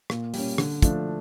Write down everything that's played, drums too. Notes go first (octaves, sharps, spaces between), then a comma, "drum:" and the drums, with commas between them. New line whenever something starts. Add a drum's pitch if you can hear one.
A#2, drum: rim click
G3 C#4, drum: open hi-hat
D3, drum: rim click
F3 A3 D4, drum: kick, hi-hat